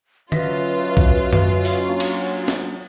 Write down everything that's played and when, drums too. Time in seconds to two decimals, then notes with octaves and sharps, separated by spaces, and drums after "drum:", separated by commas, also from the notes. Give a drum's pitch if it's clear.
0.32 F#3 C#4 F4 B4 D#5 E5, drum: tom D3
0.97 drum: kick
1.33 drum: tom F#2
1.65 drum: open hi-hat
1.89 A#3 D4 F#4
2.00 drum: cymbal
2.48 drum: snare